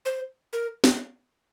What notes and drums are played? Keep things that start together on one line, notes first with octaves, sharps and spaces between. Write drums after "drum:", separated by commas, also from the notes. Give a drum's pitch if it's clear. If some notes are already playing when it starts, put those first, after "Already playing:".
C5
A#4
drum: snare